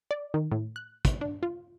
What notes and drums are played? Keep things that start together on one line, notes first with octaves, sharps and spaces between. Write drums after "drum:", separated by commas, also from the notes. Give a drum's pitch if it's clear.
D5
D#3
A2
F#6
drum: kick, hi-hat
D4
F4